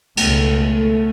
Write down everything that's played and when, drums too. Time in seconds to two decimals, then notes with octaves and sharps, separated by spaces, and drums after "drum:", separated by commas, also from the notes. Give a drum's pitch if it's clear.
0.17 C#2 B2 A3, drum: cymbal